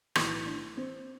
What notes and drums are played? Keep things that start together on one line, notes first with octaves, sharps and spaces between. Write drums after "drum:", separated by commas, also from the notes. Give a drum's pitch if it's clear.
B1 A2 E3 B3, drum: rim click
D4
C4